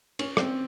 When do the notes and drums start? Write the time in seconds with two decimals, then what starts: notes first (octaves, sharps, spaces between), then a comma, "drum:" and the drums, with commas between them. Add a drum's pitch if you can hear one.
0.19 C#4, drum: cymbal
0.37 C4, drum: rim click